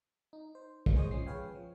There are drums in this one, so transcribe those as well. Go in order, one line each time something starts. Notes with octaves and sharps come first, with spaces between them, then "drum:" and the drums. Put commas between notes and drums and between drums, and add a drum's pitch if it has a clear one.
D#4
C5
drum: kick
G#4 C5 C#5 D#5 D#6
A#1 F3 G#3 C#4 C7
G#4 B4 C#5 F5 G5 G#5
F3